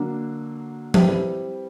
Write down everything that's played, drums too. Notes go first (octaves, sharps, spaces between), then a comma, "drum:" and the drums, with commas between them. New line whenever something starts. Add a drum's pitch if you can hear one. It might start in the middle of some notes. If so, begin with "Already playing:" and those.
Already playing: D3 F#3 A#3 D4
G3 C4 E4 G4 B4, drum: tom F3